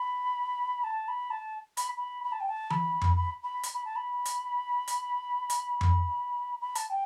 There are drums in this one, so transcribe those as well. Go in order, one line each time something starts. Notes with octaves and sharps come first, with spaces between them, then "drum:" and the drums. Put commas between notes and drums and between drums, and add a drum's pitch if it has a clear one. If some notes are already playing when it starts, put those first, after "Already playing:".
Already playing: B5
A5
B5
A5
B5, drum: hi-hat
B5
B5
A5
G5
A5
B5, drum: tom E3
drum: tom F2
B5
B5
drum: hi-hat
B5
A5
B5
drum: hi-hat
drum: hi-hat
drum: hi-hat
drum: tom F2
B5
A5, drum: hi-hat
G5